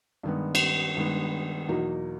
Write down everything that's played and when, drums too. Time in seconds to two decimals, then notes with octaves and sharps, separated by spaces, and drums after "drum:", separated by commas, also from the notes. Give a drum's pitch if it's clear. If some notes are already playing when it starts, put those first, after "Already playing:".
0.23 G2 D#3 G#3 B3
0.55 drum: cymbal
0.97 G2 D#3 G#3 B3
1.68 E2 B2 F#3 A#3 D#4